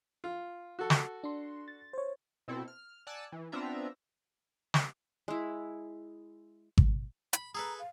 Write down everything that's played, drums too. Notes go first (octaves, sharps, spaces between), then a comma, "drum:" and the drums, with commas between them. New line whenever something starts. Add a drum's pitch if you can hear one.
F4
F#4 A4
drum: snare
D4 C6
A6
C5 C#5
B2 C4 E4 A4
F6
D5 F#5 G#5 A5 E6 F#6
E3
B3 C4 D4 F4 E5 A#5
drum: snare
G#3 E4
drum: kick G#1
B5, drum: hi-hat
G#4 A4 B4 A#5
F5